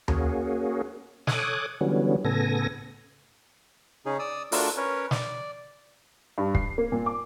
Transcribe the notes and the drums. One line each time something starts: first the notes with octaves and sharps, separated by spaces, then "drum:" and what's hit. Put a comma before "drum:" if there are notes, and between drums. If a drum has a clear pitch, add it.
A#3 C#4 F#4 G#4, drum: tom D#2
A4 C#5 G#5 D6 D#6 F#6, drum: snare
D3 E3 F#3 G3 B3 C#4
A2 C#3 B3 A4 G#5 A#6
C#3 C#4 D#4 G#4
D5 D#6 E6
A3 D4 F4 F#4 A4 A#4, drum: open hi-hat
C#4 A#4 B4 C#5
D5, drum: snare
G2
C7, drum: kick
A#3
A#2
D6